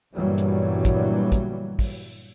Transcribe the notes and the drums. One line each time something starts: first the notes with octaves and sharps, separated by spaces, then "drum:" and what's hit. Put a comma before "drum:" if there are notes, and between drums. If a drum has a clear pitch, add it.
G1 G2 A#2 E3 F#3 G3
drum: hi-hat
drum: kick, hi-hat
drum: kick, hi-hat
drum: kick, open hi-hat